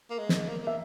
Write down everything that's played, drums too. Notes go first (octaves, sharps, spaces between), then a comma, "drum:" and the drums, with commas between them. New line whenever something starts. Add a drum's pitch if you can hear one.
A#3
G#3
drum: snare
A#3
A#3 E5